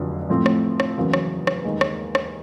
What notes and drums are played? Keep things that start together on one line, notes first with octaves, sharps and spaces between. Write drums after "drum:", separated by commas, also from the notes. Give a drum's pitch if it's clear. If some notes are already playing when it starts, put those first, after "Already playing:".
Already playing: F1 F2 D3 F#3
A2 F3 A3 C4
drum: rim click
drum: rim click
E2 C#3 F#3 A#3
drum: rim click
drum: rim click
D#2 D#3 G#3
drum: rim click
drum: rim click